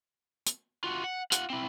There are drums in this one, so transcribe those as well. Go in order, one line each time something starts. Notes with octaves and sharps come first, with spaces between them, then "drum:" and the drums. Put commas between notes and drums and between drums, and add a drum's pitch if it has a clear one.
drum: hi-hat
F4 F#4
F#5
F4 F#5, drum: hi-hat
C4 E4